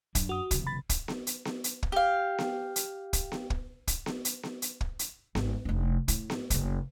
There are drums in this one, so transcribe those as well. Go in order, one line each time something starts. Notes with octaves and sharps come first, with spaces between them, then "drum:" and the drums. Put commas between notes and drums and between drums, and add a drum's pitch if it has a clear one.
F#2 F#3 D4, drum: kick, hi-hat
F#4 D#6
F#1 C3 E3, drum: kick, hi-hat
B5 A6
drum: kick, hi-hat
drum: snare B3
drum: hi-hat
drum: snare B3
drum: hi-hat
drum: kick
G4 F5
drum: snare B3
drum: hi-hat
drum: kick, hi-hat
drum: snare B3
drum: kick
drum: kick, hi-hat
drum: snare B3
drum: hi-hat
drum: snare B3
drum: hi-hat
drum: kick
drum: hi-hat
G#1, drum: snare B3
F1 D4
A2, drum: kick, hi-hat
drum: snare B3
F#1 C#3, drum: kick, hi-hat